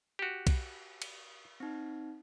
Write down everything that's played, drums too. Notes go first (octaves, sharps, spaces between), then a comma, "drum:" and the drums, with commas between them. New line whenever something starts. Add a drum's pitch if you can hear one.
F#4 G4
drum: kick, cymbal
drum: cymbal
C4 D#4